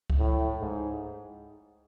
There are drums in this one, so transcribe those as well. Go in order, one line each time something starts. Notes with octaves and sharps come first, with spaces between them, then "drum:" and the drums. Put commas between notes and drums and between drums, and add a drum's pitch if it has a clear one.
drum: kick C#2
A2
G#2